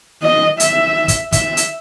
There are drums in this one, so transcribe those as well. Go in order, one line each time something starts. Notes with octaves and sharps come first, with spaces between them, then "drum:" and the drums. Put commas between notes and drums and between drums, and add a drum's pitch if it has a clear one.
D#5
E5, drum: hi-hat
drum: kick, hi-hat
E5, drum: kick, hi-hat
drum: hi-hat